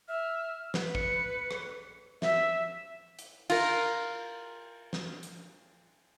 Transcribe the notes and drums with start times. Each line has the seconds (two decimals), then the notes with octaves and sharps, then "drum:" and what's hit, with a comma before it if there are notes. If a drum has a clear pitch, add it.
0.08 E5 F6
0.74 B4, drum: snare
0.95 C#7, drum: kick
1.51 drum: rim click
2.22 E5, drum: snare
3.19 drum: hi-hat
3.50 F4 A#4, drum: cymbal
4.93 drum: snare
5.23 drum: hi-hat